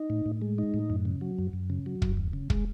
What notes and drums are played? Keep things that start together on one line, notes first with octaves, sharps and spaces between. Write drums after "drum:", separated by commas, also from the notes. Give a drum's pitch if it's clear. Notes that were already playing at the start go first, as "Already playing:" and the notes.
Already playing: D#4
A2
A2
G#3
D#4
A2
F#2
C#3
F#3
F#2
F#2
C#3
F#3
F#2, drum: kick
D#2
C#3
G#3, drum: kick